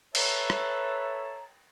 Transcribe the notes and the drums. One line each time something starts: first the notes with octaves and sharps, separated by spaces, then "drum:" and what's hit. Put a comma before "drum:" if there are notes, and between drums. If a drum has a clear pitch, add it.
A4 B4 C#5 E5 A5 A#5, drum: cymbal
drum: rim click